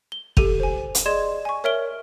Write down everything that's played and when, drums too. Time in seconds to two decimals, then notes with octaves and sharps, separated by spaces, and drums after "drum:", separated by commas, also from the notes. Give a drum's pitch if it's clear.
0.12 G7
0.37 G4 A4 D#7 F7, drum: kick
0.60 C5 G#5
0.95 drum: hi-hat
1.06 G#4 D5 D#5 C6 G#6 E7
1.45 G#5 C#6
1.64 A#4 C#5 E5 F6 D7 G7